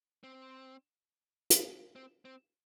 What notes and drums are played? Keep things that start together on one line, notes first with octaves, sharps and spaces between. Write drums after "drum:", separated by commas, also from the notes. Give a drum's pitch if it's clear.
C4
drum: hi-hat
C4
C4